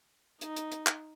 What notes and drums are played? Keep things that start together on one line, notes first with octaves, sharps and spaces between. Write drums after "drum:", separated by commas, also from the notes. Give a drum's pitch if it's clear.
D#4, drum: hi-hat
drum: hi-hat
drum: hi-hat
drum: clap